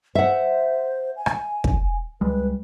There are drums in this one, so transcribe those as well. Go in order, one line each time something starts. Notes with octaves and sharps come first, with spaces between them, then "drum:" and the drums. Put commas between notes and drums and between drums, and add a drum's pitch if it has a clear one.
C5 E5 F#5
G#5
drum: rim click
drum: kick
C#2 G3 G#3 B4